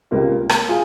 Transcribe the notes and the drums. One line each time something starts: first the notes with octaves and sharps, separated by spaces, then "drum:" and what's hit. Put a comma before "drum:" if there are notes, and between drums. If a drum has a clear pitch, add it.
C#2 C3 G3 A#3 F4
drum: rim click
F4 G#4